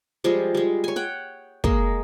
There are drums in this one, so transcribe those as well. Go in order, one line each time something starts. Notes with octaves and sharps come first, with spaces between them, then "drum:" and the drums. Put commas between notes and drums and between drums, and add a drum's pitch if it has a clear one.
F3 G3 G#3 F4
G3 G#3
C#5 G#5
F#5 G5
G#3 A#3 D#5, drum: kick